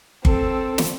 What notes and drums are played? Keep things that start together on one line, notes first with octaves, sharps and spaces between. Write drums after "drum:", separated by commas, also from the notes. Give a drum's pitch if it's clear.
C4 A4, drum: kick G1
drum: snare